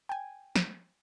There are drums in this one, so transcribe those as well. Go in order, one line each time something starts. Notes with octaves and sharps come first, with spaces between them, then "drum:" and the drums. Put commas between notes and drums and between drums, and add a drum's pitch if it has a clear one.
G5 G#5
drum: snare